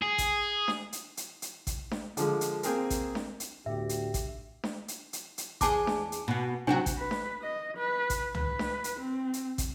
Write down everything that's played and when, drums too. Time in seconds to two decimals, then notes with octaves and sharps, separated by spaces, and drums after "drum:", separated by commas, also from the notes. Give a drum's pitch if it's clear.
0.02 G#4
0.18 drum: kick, hi-hat
0.68 drum: snare D4
0.93 drum: hi-hat
1.17 drum: hi-hat
1.42 drum: hi-hat
1.67 drum: kick, hi-hat
1.91 drum: snare D4
2.17 D3 F3 G#3, drum: hi-hat
2.41 drum: hi-hat
2.63 A#3 C4 G#4 A#4, drum: hi-hat
2.90 drum: kick, hi-hat
3.15 drum: snare D4
3.40 drum: hi-hat
3.66 D2 A2 B3 G4 E5
3.89 drum: hi-hat
4.14 drum: kick, hi-hat
4.64 drum: snare D4
4.88 drum: hi-hat
5.13 drum: hi-hat
5.38 drum: hi-hat
5.61 E2 G#4 G#5 A5 D6, drum: kick, hi-hat
5.87 drum: snare D4
6.12 drum: hi-hat
6.28 B2 B3
6.67 C3 F#3 D4 F#4 G#5
6.86 drum: kick, hi-hat
6.98 B4
7.11 drum: snare D4
7.42 D#5
7.77 B4
8.10 drum: kick, hi-hat
8.35 B4, drum: tom
8.59 drum: snare D4
8.84 drum: hi-hat
9.00 C4
9.33 drum: hi-hat
9.58 drum: kick, hi-hat